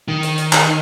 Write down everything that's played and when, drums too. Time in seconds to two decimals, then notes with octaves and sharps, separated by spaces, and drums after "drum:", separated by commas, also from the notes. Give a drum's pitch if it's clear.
0.08 D#3
0.23 drum: hi-hat
0.38 drum: hi-hat
0.53 drum: clap